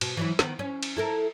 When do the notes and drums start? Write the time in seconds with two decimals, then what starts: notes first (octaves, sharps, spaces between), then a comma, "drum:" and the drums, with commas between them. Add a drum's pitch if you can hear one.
0.01 B2, drum: cymbal
0.17 E3 F#3 E4
0.39 D#3 B3, drum: snare
0.59 C#4
0.83 drum: cymbal
0.97 E4 A4 A#4